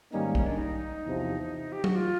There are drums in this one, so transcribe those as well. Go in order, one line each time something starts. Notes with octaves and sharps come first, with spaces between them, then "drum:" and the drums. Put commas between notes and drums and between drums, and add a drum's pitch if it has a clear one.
G#2 D#3 G3 A#3 C#4 D#4
C#4, drum: kick
D4
D#4
E2 C3 F3
G4
F#4, drum: tom
F4